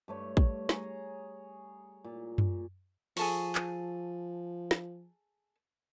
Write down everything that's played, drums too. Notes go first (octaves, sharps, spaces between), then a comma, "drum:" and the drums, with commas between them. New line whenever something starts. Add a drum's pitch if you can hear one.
G2 A3 C#5
drum: kick
G#4 C#5 A#5, drum: snare
A#2
drum: tom F#2
F3 G#4 A4 C#6, drum: open hi-hat
drum: clap
drum: snare